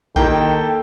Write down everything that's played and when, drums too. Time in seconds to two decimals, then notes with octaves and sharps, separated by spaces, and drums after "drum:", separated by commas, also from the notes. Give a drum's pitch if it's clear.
0.16 D#3 A#3 E4 G4 A4 G5, drum: kick A#1